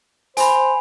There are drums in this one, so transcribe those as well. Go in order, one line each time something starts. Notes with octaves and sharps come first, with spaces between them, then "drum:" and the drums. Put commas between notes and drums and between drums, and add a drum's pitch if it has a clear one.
C5 G#5 B5, drum: hi-hat